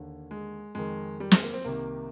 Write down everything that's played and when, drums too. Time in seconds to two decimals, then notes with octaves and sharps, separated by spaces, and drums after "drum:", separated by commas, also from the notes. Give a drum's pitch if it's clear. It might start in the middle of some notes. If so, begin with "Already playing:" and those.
Already playing: D#2 D3
0.31 G#3
0.75 F2 D#3 G#3
1.20 G3
1.31 G#3, drum: snare
1.43 A#3
1.54 C4
1.64 C2 C3 D#3 A#3